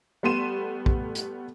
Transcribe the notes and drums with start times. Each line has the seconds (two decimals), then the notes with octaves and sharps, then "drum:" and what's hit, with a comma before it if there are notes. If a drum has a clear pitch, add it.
0.23 G3 A3 B3 C6 D#7 E7
0.86 drum: kick A#1
1.15 drum: hi-hat